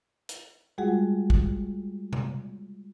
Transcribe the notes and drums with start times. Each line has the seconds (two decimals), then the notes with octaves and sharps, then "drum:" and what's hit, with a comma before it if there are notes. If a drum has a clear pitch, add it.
0.29 drum: hi-hat
0.78 G3 G#3 F4 F#4 G#4 F#5
1.30 drum: kick
2.13 drum: tom C3